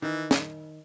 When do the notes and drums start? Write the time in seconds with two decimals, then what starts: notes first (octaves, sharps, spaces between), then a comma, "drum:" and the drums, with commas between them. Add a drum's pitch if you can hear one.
0.02 D#3 E3
0.31 drum: snare